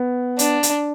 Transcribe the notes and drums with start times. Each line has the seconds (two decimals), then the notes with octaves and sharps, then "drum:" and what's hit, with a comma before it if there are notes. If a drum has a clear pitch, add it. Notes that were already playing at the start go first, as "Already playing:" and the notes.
Already playing: B3
0.39 D4, drum: hi-hat
0.63 drum: hi-hat